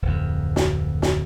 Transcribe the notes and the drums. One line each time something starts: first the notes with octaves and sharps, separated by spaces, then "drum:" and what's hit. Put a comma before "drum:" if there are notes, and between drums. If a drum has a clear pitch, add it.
D1 F2
drum: snare
drum: snare